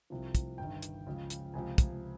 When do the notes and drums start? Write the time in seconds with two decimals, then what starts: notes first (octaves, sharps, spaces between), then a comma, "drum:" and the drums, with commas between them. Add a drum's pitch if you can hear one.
0.10 C2 C3 F3
0.35 drum: kick, hi-hat
0.58 G1 G2 D#3 G5
0.82 drum: hi-hat
1.07 C#2 C#3 F3
1.30 drum: hi-hat
1.54 C#2 C3 F3 G#5
1.78 drum: kick, hi-hat